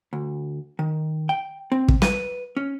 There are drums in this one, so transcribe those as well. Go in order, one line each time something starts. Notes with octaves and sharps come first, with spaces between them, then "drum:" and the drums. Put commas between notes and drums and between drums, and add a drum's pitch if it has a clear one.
D2
D#3
G5
C4
drum: kick
B4, drum: snare
C#4